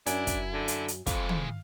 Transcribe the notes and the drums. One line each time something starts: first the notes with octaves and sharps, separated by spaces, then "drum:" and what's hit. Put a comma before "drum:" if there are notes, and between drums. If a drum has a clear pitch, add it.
F#2 D4 E4 G#5, drum: hi-hat
drum: kick, hi-hat
D3
drum: hi-hat
drum: hi-hat
F2 E3 G#3 F5, drum: kick, hi-hat
drum: tom